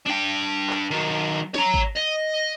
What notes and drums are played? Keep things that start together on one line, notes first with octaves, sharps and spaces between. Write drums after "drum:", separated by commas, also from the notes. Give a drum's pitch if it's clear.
D4 G5
drum: clap
D#3 F#3
C#5 A#5, drum: snare
drum: kick G#1
D#5